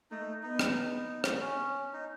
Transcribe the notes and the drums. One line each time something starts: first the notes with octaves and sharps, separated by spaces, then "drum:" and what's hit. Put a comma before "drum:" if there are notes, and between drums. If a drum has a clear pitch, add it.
A3 D#4
B3 D#4
drum: rim click
D#4
drum: rim click
C#4
D#4